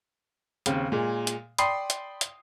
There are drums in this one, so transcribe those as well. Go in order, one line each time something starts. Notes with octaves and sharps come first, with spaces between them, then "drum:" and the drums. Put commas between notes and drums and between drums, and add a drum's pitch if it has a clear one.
D#2 C#3 C4, drum: hi-hat
A#2 G#3
drum: hi-hat
D5 G5 B5 C6 D#6 C7, drum: hi-hat
drum: hi-hat
drum: hi-hat